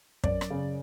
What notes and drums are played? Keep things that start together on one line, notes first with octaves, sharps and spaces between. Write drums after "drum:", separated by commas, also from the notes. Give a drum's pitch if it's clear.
F#2 D5, drum: kick
drum: rim click
C#3